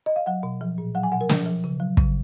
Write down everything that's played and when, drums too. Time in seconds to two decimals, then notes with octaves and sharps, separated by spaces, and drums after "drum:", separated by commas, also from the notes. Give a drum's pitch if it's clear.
0.06 D#5
0.16 F5
0.26 F#3 F#5
0.43 B2
0.61 F3
0.78 A#2
0.95 F#3 F#5
1.03 G#5
1.12 B2 F#5
1.21 A#4
1.29 F3, drum: snare
1.46 F3
1.64 C#3
1.80 F#3
1.97 C#3, drum: kick